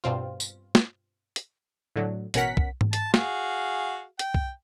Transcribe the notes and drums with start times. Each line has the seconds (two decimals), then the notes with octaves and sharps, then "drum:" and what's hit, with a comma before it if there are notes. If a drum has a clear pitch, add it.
0.04 G2 B2 C4 F4
0.40 drum: tambourine
0.75 drum: snare
1.36 drum: hi-hat
1.96 A2 D3 F#3
2.34 A1 B2 C#4 A#4 F#5 B6, drum: hi-hat
2.57 drum: kick B1
2.81 drum: tom G#2
2.93 A5, drum: hi-hat
3.14 F#4 G#4 F5, drum: snare
4.19 G5, drum: hi-hat
4.34 drum: kick B1